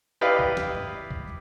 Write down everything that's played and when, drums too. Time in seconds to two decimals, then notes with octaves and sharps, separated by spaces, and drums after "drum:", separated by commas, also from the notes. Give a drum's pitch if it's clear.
0.21 E4 G4 B4 D5 D#5 F5
0.39 drum: kick
0.57 drum: snare
0.75 drum: tom G2
1.11 drum: kick